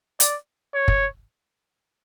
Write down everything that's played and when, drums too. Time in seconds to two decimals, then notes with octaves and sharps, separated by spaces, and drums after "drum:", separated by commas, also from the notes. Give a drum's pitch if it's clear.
0.20 D5, drum: hi-hat
0.74 C#5
0.88 drum: kick